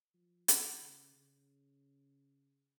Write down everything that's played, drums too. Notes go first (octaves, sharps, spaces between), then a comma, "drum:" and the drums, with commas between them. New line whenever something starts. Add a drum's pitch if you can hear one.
F3
D#3, drum: hi-hat
C#3
C#3